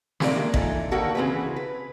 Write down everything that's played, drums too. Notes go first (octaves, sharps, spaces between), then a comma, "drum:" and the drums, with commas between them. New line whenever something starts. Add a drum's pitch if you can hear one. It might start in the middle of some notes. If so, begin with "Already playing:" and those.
A2 C3 A3 A#3 C4 D5, drum: snare
G#3 A#3 D4
E3 D#4 F4 A4, drum: kick A1
D3 D#3 A#3 F#4 A4
C#3 E3 C4 G#4 B4
B4